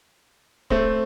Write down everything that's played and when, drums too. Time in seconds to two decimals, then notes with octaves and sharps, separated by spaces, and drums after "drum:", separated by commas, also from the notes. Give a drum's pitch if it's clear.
0.70 A3 C4, drum: kick